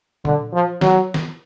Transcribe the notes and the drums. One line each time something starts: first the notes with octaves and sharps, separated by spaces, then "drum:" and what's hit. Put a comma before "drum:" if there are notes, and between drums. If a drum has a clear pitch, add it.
D3, drum: tom A#2
F3
F#3, drum: snare
drum: snare